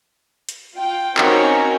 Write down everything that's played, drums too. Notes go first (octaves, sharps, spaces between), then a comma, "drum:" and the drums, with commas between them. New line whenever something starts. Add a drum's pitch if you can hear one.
drum: hi-hat
F4 G5
C4 C#4 D#4 F#4 A#4 C#5, drum: clap